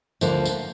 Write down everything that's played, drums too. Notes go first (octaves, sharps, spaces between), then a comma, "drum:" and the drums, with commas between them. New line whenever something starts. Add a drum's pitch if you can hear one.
D2 D3 F3 A#3, drum: tambourine
drum: tambourine